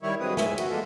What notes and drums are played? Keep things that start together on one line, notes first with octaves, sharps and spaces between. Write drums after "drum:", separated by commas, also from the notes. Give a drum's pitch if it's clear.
D#3 G3 E4 C#5
G2 F#3 G#3 C4 B4 D#6
G#2 E5 G#5, drum: snare
F#4, drum: cymbal
E3 G#3 A#3 B3 F4 A4